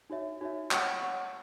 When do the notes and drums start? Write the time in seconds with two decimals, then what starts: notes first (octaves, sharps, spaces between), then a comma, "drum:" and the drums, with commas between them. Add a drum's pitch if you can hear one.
0.10 D#4 F#4 C#5 E5
0.41 D#4 F#4 C#5 E5
0.71 C#5 F#5 C#6, drum: clap
1.01 C#5 F#5 C#6